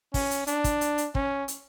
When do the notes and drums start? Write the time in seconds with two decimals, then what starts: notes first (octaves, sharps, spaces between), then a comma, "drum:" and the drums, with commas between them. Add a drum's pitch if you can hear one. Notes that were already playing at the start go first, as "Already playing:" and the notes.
0.14 C#4, drum: kick, open hi-hat
0.31 drum: hi-hat
0.47 D4, drum: hi-hat
0.64 drum: kick, hi-hat
0.81 drum: hi-hat
0.98 drum: hi-hat
1.15 C#4, drum: kick
1.48 drum: hi-hat